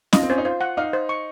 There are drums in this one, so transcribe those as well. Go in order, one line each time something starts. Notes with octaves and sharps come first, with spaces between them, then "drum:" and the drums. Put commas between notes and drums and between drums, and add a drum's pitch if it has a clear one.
F4 D#5, drum: snare C#4
C4
C#4 C5
D#4
F4 C5
F#5
D#4 F5
C5
C#6